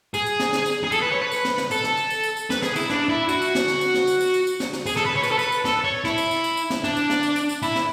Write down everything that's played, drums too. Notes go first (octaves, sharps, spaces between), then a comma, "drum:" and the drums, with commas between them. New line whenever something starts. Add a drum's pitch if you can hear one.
G#4, drum: tambourine
drum: tambourine
drum: snare
drum: snare
drum: tambourine
G#4
A4, drum: tambourine
B4
C#5
B4
drum: tambourine
drum: snare
drum: snare
A4, drum: tambourine
drum: snare
drum: tambourine
drum: tambourine
drum: tambourine
drum: tambourine
B4, drum: snare
G#4, drum: snare
E4, drum: tambourine
D4, drum: snare
E4
F#4, drum: tambourine
drum: tambourine
drum: snare
drum: snare
drum: tambourine
drum: snare
drum: tambourine
drum: tambourine
drum: tambourine
drum: tambourine
drum: snare
drum: snare
G#4, drum: tambourine
A4, drum: snare
B4
C#5
B4, drum: tambourine
A4
B4, drum: tambourine
drum: tambourine
A4, drum: snare
C#5
E4, drum: snare
drum: tambourine
drum: tambourine
drum: tambourine
drum: tambourine
drum: snare
D4, drum: snare
drum: tambourine
drum: snare
drum: tambourine
drum: tambourine
drum: tambourine
E4, drum: tambourine
drum: snare